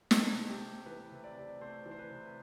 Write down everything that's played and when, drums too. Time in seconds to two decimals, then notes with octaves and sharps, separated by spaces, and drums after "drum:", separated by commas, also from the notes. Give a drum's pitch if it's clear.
0.11 C3 A4, drum: snare
0.35 C3
0.49 G4
0.61 A3
0.86 E3 B4
1.12 C3
1.24 D5
1.36 C3
1.61 A3 C5
1.86 E3
1.91 C5
1.99 B4
2.11 C3